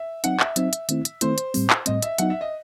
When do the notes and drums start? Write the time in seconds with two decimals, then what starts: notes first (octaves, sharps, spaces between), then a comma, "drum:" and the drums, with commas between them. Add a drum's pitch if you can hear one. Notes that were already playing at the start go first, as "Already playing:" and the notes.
Already playing: E5
0.24 F#3 C4 D#4 F#5, drum: hi-hat
0.40 E5, drum: clap
0.56 F#3 C4 D#4 E5, drum: hi-hat
0.73 drum: hi-hat
0.89 D#3 A3 C4 E4, drum: hi-hat
1.05 drum: hi-hat
1.21 D#3 A3 C4 E4 C5, drum: hi-hat
1.38 drum: hi-hat
1.54 A2 G3 C4, drum: open hi-hat
1.70 drum: clap
1.86 A2 G3 C4 D#5, drum: hi-hat
2.02 E5, drum: hi-hat
2.18 F#3 B3 D#4 F#5, drum: hi-hat
2.30 E5
2.41 D#5